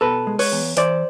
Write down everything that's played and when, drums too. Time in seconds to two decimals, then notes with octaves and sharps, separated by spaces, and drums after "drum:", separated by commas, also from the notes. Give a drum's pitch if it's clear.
0.01 B2 A4 B4
0.27 G#3
0.39 B4 C#5, drum: open hi-hat
0.52 E2
0.77 E3 C5 D5, drum: hi-hat